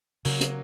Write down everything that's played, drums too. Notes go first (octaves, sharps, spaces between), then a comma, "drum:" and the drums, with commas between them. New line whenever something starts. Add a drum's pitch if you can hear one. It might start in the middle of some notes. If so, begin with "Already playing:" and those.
C#3 F#3 A#3, drum: open hi-hat
drum: hi-hat